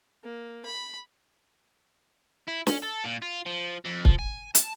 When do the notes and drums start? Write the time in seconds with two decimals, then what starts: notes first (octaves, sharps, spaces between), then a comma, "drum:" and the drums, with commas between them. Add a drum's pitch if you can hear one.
0.24 A#3
0.66 B5
2.48 E4
2.67 C#4, drum: snare
2.82 A4
3.04 A#2
3.22 F4
3.46 F3
3.85 F2
4.05 F3, drum: kick
4.19 G#5
4.55 A5, drum: hi-hat